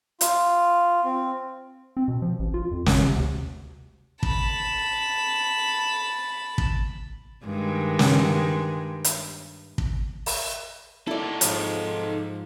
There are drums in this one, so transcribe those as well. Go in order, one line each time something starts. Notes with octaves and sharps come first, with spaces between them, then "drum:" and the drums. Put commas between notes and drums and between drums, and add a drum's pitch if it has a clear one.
F4, drum: hi-hat
C4
C4
B2
F3
A1
F4
F2
G#1, drum: snare
C3
D2
A5 B5, drum: kick
drum: kick
G2 D#3 G#3
drum: snare
drum: hi-hat
drum: kick
drum: open hi-hat
D#4 E4 A4 D5
G#2 F3, drum: hi-hat